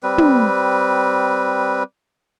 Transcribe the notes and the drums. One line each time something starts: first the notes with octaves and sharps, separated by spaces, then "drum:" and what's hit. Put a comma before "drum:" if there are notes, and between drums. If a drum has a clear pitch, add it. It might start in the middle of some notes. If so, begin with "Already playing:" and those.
G3 C4 B4
drum: tom